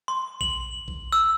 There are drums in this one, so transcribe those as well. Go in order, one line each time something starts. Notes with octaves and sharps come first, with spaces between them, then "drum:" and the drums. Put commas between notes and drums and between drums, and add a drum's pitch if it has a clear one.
C6
F#7, drum: kick A#1
drum: kick A#1
E6